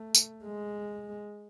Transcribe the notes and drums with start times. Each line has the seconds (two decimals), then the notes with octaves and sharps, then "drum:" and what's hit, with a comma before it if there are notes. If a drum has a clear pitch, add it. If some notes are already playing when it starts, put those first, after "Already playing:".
Already playing: A3
0.15 drum: tambourine
0.44 G#3